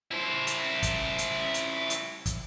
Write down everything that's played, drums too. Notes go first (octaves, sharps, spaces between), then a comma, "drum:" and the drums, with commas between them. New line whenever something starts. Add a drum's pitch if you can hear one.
E4 C5
drum: hi-hat
drum: kick, hi-hat
drum: hi-hat
drum: hi-hat
drum: hi-hat
drum: kick, hi-hat